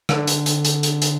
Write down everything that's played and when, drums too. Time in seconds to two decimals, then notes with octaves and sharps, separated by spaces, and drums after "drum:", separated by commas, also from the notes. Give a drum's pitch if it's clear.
0.09 D3, drum: rim click
0.27 drum: hi-hat
0.46 drum: hi-hat
0.65 drum: hi-hat
0.83 drum: hi-hat
1.02 drum: hi-hat